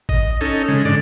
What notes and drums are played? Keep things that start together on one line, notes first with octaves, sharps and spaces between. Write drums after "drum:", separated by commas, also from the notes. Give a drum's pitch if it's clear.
D#5, drum: kick G#1
C#4 D#4 A4
C#3 G#3
G#2 D3 D5